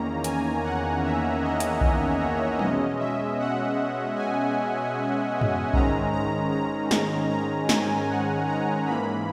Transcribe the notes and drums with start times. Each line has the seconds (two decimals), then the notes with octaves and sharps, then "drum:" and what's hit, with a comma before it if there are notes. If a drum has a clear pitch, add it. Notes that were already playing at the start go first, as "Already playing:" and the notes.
Already playing: E2 D#3 A#3 C#4 A#5
0.24 G#5, drum: hi-hat
0.64 F#5
1.04 E5
1.42 D#5
1.60 drum: hi-hat
1.81 D#5, drum: kick B1
2.21 C#5
2.59 B2 G#3 C#4 D#5, drum: tom
2.99 E5
3.39 F#5
4.16 G#5
5.41 drum: tom
5.74 G#2 D#3 G#3 C#4 A#5, drum: kick B1
6.13 A#5
6.52 A#5
6.91 A#5, drum: snare
7.30 A#5
7.69 G#5, drum: snare
8.09 F#5
8.47 A#5
8.86 G#2 E3 A#3 B5